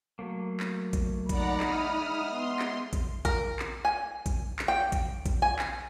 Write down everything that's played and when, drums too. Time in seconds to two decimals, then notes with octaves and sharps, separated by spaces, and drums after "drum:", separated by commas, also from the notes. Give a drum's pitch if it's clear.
0.19 F#3 A3 A#3
0.60 drum: clap
0.93 drum: kick A#1, hi-hat
1.29 D#4 D5 F#5 A#5 B5, drum: kick A#1, hi-hat
1.60 G#3 E4 F#5 D#6 F6, drum: clap
2.01 G#3 E5 F#5
2.31 B3 C6
2.59 drum: clap
2.93 drum: kick A#1, hi-hat
3.25 A#4, drum: kick A#1, hi-hat
3.59 drum: clap
3.85 G#5
4.26 drum: kick A#1, hi-hat
4.59 drum: clap
4.68 G5
4.92 drum: kick A#1, hi-hat
5.26 drum: kick A#1, hi-hat
5.42 G#5
5.59 drum: clap